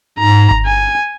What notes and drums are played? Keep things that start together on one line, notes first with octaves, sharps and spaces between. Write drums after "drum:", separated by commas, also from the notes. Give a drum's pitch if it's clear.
G#2 A#5
drum: kick G1
G#5